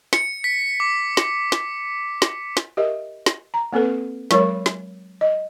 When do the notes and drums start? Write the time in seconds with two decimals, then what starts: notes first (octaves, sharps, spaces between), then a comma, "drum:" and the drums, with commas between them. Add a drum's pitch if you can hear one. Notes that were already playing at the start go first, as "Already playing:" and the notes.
0.13 C#7, drum: snare
0.44 B6
0.80 D6
1.17 drum: snare
1.52 drum: snare
2.22 drum: snare
2.57 drum: snare
2.77 G4 A#4 D#5 E5
3.26 drum: snare
3.54 A#5
3.73 A#3 C4 A4 B4
4.31 F#3 G#3 A#4 C#5 B5, drum: snare
4.66 drum: snare
5.21 D#5